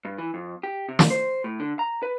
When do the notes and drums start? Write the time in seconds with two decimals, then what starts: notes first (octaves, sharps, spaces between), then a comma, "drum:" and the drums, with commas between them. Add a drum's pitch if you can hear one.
0.05 G2
0.18 E3
0.34 F2
0.63 G4
0.89 C3
0.99 drum: snare
1.10 C5
1.44 A2
1.60 D3
1.79 A#5
2.03 B4